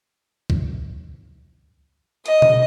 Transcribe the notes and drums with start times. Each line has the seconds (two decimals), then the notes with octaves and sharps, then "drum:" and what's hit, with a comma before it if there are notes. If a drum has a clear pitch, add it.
0.50 drum: kick
2.26 D#5, drum: hi-hat
2.42 drum: tom B2